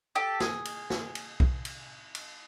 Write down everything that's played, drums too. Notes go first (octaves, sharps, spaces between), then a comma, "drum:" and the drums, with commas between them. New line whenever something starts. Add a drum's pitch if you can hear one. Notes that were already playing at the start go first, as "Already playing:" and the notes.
G4 A4
G#4, drum: snare
drum: cymbal
drum: snare
drum: cymbal
drum: kick
drum: cymbal
drum: cymbal